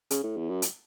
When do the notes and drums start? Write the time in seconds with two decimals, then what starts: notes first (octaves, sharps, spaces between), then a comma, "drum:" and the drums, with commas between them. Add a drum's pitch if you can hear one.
0.10 C#3, drum: hi-hat
0.23 A2
0.36 E2
0.49 F#2
0.62 drum: hi-hat